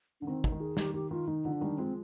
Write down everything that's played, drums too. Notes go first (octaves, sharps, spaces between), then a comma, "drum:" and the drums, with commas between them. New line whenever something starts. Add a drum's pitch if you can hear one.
D3 D4
D#3 C4
D#4, drum: kick
D#3
G#4
D#3 G4, drum: snare
D#3 G4
D#3 F4
D#3 D#4
D3 F3
D4
D#3 G3
F3 G#3 C4